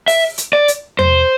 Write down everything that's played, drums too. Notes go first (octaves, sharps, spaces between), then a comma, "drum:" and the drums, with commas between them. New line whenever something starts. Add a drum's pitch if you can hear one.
E5, drum: open hi-hat
drum: hi-hat
D5
drum: hi-hat
C5, drum: tom E2